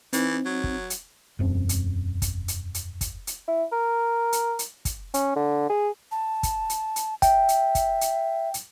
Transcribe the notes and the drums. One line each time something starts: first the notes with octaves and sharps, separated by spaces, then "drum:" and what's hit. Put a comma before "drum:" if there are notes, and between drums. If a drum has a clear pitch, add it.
E3 C4 D#4, drum: hi-hat
F#3
drum: kick
drum: hi-hat
E1 F#2 C4
drum: hi-hat
drum: kick, hi-hat
drum: hi-hat
drum: hi-hat
drum: kick, hi-hat
drum: hi-hat
E4
A#4
drum: hi-hat
drum: hi-hat
drum: kick, hi-hat
C#4, drum: hi-hat
D3
G#4
A5
drum: kick, hi-hat
drum: hi-hat
drum: hi-hat
E5 G5, drum: kick, hi-hat
drum: hi-hat
drum: kick, hi-hat
drum: hi-hat
drum: hi-hat